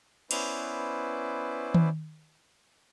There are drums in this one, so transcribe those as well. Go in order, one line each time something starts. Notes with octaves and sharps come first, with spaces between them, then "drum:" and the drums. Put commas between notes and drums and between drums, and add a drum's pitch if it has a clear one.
B3 C#4 E4 B4 C5 D5, drum: cymbal
drum: tom D#3